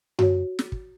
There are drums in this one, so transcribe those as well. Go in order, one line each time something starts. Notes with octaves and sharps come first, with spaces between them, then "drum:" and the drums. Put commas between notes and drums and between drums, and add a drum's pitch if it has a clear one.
F#4 C#5, drum: tom F#2
drum: snare
drum: kick